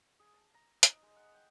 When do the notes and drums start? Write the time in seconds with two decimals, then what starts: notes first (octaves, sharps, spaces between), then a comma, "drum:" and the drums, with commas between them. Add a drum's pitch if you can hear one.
0.20 G#4
0.34 A5
0.54 A#5
0.83 D#4, drum: hi-hat
1.03 G#3
1.16 F#5
1.34 G5